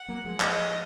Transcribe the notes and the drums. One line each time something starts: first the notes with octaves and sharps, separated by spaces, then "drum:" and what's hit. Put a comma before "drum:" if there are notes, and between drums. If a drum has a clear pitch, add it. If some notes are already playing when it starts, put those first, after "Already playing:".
Already playing: F#5
F#3 A#3
F3 G#3
D#5, drum: clap